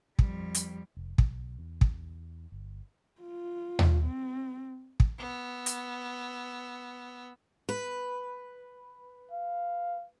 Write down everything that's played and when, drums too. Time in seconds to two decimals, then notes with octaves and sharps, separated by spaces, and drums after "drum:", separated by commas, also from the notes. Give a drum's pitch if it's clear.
0.19 F2 G3, drum: kick
0.55 drum: hi-hat
0.97 F1
1.18 B1, drum: kick
1.59 E2
1.81 drum: kick
2.52 G1
3.21 F4
3.79 drum: tom D#2
4.04 C4
5.00 drum: kick
5.18 B3 E6
5.66 drum: hi-hat
7.69 B4
9.31 F5